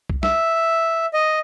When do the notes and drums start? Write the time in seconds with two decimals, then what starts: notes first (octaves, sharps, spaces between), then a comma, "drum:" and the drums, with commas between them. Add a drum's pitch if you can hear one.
0.10 drum: kick C2
0.23 E5, drum: snare
1.13 D#5